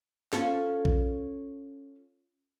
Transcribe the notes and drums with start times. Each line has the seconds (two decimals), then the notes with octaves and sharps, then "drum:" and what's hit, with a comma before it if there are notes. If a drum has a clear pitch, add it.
0.33 C#4 F4 A4, drum: snare
0.85 drum: kick